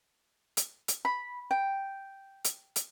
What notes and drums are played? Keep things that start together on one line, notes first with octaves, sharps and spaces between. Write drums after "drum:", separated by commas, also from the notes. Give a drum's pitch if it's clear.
drum: hi-hat
drum: hi-hat
B5
G5
drum: hi-hat
drum: hi-hat